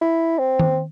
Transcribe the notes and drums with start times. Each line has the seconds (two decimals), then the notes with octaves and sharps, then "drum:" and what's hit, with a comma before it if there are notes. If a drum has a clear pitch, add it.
0.01 E4
0.39 C4
0.59 drum: tom D#3